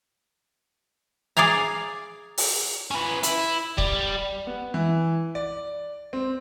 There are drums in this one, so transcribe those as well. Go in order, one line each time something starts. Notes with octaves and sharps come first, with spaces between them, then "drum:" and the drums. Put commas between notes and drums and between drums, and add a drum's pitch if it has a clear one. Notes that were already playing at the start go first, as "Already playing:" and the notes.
G#4 D5 F5 G#5 A#5
drum: open hi-hat
C#4 B4
E4, drum: hi-hat
G3, drum: kick
B3
E3
D5
C4